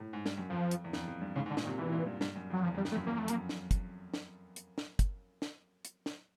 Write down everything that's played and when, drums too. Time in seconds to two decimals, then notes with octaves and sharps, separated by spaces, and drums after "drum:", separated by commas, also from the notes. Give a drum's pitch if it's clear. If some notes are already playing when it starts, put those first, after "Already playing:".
0.00 A2
0.13 G#2
0.26 G2, drum: snare
0.38 F#2
0.50 F2 F3
0.71 drum: hi-hat
0.84 E2
0.93 F2, drum: snare
1.08 F2
1.21 G2
1.36 G#2 C#3
1.46 G#2
1.50 D3
1.57 A#2, drum: snare
1.65 D#3
1.68 C3
1.78 B2 E3
1.92 A#2
2.07 G2
2.21 G2, drum: snare
2.36 F#2
2.50 F2
2.53 F#3
2.63 E2 F3
2.74 F2
2.78 G3
2.85 F2, drum: snare
2.92 A3
2.96 F#2
3.06 E2 A#3
3.17 F2 A3
3.28 F#2 A#3, drum: hi-hat
3.49 drum: snare
3.71 drum: kick, hi-hat
4.14 drum: snare
4.56 drum: hi-hat
4.78 drum: snare
4.99 drum: kick, hi-hat
5.42 drum: snare
5.85 drum: hi-hat
6.06 drum: snare